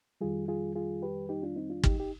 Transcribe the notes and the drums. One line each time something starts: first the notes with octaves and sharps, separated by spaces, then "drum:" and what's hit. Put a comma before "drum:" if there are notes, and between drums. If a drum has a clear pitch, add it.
F2 D#3 G3 F4 G#4
F4 G#4
F4 G#4
G4 B4
D#4 G4
D4 F4
C4 D#4
D4 F4
D#4 G4, drum: kick
G4